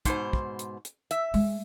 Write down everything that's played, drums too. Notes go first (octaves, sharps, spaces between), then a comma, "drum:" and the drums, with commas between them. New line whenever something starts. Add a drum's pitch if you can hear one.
G#2 B2 C5, drum: kick, hi-hat
drum: kick
drum: hi-hat
drum: hi-hat
E5, drum: hi-hat
G#3, drum: open hi-hat